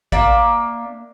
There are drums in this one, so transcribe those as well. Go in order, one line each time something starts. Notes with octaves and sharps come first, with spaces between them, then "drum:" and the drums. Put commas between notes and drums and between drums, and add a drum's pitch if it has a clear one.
A#3 D4 E5, drum: kick